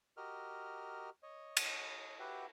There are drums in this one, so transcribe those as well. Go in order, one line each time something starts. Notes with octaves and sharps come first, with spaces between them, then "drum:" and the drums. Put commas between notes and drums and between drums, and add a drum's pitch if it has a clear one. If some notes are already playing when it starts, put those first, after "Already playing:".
F#4 G4 A#4 D#5 F6
C#5 D#5
drum: cymbal
F#4 G4 B4 E5 F#5 G5